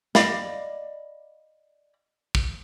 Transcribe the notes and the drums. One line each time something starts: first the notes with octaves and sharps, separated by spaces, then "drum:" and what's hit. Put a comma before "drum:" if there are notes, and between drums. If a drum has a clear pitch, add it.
D5 D#5 F5 B5, drum: snare
drum: kick